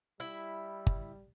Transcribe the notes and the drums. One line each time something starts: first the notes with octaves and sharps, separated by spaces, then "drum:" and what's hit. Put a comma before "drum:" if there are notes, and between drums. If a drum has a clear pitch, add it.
G3 E4 E5
drum: kick G1